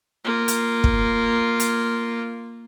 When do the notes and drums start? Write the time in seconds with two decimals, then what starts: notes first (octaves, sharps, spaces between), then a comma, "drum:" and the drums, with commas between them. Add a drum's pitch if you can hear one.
0.24 A#3 F4
0.48 drum: hi-hat
0.84 drum: kick
1.60 drum: hi-hat